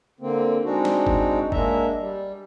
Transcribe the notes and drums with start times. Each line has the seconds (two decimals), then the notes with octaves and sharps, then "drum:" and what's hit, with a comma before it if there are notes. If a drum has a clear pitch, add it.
0.20 D3 A#3 C4
0.64 G#3 C4 D4 D#4 F#4
0.85 drum: snare
1.07 drum: kick G1
1.52 G#3 A#3 D4 E5 A#5, drum: kick G1
1.99 G3